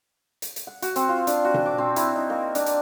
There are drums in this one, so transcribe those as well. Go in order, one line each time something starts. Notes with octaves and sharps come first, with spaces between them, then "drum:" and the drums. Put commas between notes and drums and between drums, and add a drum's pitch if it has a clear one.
drum: hi-hat
drum: hi-hat
F#5
F#4, drum: hi-hat
C4, drum: hi-hat
F4
D4, drum: hi-hat
F#4
drum: tom B2
D6
C4
E4, drum: hi-hat
D#4
A#3
D4, drum: hi-hat
drum: hi-hat